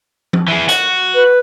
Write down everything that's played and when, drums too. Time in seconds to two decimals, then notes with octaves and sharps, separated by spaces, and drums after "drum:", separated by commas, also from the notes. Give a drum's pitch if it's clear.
0.33 drum: tom F3
0.48 E3 G#4
0.69 F#4, drum: hi-hat
1.15 B4